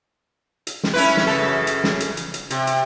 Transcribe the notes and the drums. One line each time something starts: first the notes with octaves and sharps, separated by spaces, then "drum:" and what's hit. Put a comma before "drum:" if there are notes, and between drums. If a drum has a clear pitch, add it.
drum: hi-hat
drum: snare
C#4 E4 B4
drum: snare
F#2 C#3 A4
drum: hi-hat
drum: snare
drum: hi-hat
drum: hi-hat
drum: hi-hat
C3, drum: hi-hat
drum: hi-hat